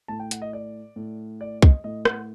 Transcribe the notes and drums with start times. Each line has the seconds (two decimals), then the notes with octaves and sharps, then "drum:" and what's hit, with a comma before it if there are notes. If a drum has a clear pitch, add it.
0.08 A2 A5
0.19 G5
0.31 F#5, drum: hi-hat
0.42 D#5
0.53 D5
0.96 A2
1.41 D5
1.62 D#5, drum: kick
1.84 A2 D#5
2.05 F#5, drum: rim click